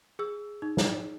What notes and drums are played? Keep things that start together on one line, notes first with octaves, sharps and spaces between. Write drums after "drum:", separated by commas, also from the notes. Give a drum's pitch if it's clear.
G#4 E6
D#4
drum: snare